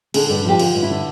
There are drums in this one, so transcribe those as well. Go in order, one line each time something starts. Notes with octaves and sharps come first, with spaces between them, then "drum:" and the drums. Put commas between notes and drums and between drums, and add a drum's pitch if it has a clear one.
D3 G#4, drum: cymbal
G2 A4
F3 G4
D3 F4, drum: cymbal
G2
E4
D3